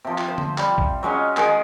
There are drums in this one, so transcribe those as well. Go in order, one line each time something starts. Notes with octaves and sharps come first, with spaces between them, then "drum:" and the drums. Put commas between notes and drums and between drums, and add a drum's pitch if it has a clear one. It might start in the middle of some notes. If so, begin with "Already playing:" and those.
C3 F3
drum: clap
C5
drum: tom D3
G3, drum: clap
drum: kick A1
F#3 G#3 C#4 D#4
D#3 G#3 D#4 G#4, drum: clap